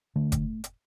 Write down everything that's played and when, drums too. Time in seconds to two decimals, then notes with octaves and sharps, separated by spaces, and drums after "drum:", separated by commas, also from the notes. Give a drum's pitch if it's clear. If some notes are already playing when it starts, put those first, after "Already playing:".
0.16 D3 A3
0.32 drum: kick F#1, hi-hat
0.64 drum: hi-hat